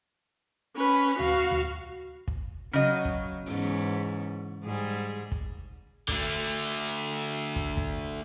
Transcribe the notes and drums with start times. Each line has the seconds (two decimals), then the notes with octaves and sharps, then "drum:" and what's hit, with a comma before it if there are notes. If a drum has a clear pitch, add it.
0.76 C#4 B4
1.19 F#4 F5, drum: tom D2
1.50 drum: tom D2
2.28 drum: kick
2.73 C#3 F#3 D#5
3.05 drum: kick
3.46 E2 G#2 C#4, drum: open hi-hat
4.63 G#2 G3 G#4
5.32 drum: kick
6.08 D3 A3, drum: kick
6.71 drum: hi-hat
7.56 drum: kick
7.77 drum: kick